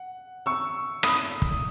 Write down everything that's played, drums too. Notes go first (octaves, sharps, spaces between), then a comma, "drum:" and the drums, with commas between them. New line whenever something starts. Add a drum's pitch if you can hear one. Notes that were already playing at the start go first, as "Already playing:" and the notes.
Already playing: F#5
C#6 E6
B5 D#6, drum: rim click
drum: kick